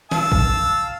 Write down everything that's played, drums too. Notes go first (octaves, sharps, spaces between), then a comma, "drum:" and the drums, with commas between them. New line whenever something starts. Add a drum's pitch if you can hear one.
F5 A5 E6, drum: snare
drum: kick